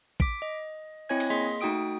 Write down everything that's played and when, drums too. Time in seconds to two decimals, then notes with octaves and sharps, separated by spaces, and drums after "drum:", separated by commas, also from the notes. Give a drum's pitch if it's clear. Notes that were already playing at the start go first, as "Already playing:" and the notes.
0.20 D6 B6 D7, drum: kick A1
0.42 D#5
1.09 C4 E4 C#5 D#5 G#5 G#6
1.20 drum: cymbal
1.30 A#3 G#4 D#5 C6 B6
1.61 A3 D#4 F#4 G5 D#6 D7